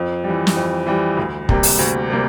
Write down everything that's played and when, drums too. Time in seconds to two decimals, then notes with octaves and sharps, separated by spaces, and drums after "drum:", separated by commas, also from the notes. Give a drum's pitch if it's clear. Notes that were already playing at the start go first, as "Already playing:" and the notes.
Already playing: F2
0.24 E3 G3
0.47 drum: snare
0.56 F2
0.87 E3 G3
1.17 D2
1.49 C3 G3 A#3, drum: kick
1.63 drum: open hi-hat
1.79 D2
2.10 C3 G3 A#3